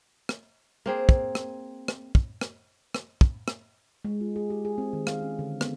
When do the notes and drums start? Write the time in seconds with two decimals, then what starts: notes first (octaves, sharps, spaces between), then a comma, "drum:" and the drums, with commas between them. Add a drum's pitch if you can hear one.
0.29 drum: rim click
0.86 A#3 C4 G#4
1.09 drum: kick
1.35 drum: rim click
1.88 drum: rim click
2.15 drum: kick
2.41 drum: rim click
2.95 drum: rim click
3.21 drum: kick
3.48 drum: rim click
4.05 G#3
4.21 F4
4.36 G#4
4.50 G4
4.65 G#4
4.78 C4
4.93 D#3
5.07 F5, drum: rim click
5.22 C#4
5.39 D3
5.61 B3, drum: rim click